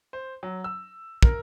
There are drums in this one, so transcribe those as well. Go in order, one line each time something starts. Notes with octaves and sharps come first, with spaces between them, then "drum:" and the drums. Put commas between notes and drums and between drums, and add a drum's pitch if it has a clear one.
C5
F#3
E6
A#4, drum: kick